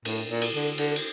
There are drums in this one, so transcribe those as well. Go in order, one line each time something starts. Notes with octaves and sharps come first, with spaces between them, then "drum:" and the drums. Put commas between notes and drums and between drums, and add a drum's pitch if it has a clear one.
A2, drum: cymbal
A#2
drum: cymbal
D3
D3, drum: cymbal
drum: cymbal